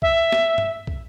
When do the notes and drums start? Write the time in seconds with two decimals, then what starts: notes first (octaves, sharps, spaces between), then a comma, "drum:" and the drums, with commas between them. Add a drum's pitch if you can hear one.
0.02 E5, drum: kick
0.32 drum: snare
0.58 drum: tom G2
0.87 drum: kick